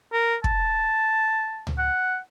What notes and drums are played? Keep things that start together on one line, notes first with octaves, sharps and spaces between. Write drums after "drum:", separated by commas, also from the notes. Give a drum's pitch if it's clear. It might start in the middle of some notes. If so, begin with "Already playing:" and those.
A#4
A5, drum: kick
drum: tom C#2
F#5